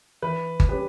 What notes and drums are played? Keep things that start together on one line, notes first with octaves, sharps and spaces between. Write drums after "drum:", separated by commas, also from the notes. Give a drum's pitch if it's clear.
E3 B4
drum: kick G1
G3 C#4 G4 B4